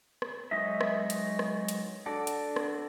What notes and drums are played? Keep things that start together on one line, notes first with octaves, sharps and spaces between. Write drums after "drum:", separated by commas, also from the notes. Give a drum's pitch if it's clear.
drum: rim click
F#3 G#3 D#4 D#5 E5
drum: rim click
drum: hi-hat
drum: rim click
drum: hi-hat
D4 F#4 A4 D5
drum: hi-hat
drum: rim click